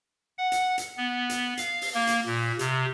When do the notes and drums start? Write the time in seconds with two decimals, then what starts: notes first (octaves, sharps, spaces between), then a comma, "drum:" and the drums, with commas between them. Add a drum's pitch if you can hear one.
0.38 F#5
0.52 drum: hi-hat
0.78 drum: hi-hat
0.97 B3
1.30 drum: hi-hat
1.57 F5, drum: hi-hat
1.81 drum: open hi-hat
1.94 A#3
2.07 drum: hi-hat
2.26 A#2
2.59 C3, drum: hi-hat